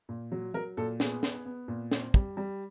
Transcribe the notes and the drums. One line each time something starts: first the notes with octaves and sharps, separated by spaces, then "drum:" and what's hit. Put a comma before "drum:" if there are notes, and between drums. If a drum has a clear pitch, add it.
A#2
F#3
F#3 A#4
A#2 A4
B3 G#4, drum: snare
B3, drum: snare
B3
A#2
C4, drum: snare
G3, drum: kick
G3